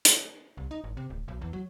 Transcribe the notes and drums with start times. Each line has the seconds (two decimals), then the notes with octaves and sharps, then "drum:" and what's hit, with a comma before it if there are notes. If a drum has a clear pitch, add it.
0.05 drum: hi-hat
0.57 C2
0.71 D#4
0.84 G#1
0.97 C3
1.10 D1
1.28 B1
1.41 E2
1.53 F#3